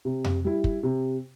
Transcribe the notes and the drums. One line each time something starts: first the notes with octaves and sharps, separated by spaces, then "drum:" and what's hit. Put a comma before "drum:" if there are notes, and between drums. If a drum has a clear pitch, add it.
C3
drum: tom F2
G3 E4
drum: kick
C3